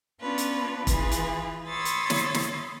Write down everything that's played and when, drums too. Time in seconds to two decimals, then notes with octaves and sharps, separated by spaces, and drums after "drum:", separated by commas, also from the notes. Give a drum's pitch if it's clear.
0.21 B3 C#4 D4 F4 B4
0.38 drum: hi-hat
0.87 E3 F4 G#4 B4, drum: kick, hi-hat
1.11 drum: hi-hat
1.67 C#5 B5 C6 D#6 E6 A6
1.85 drum: hi-hat
2.10 drum: snare
2.34 drum: snare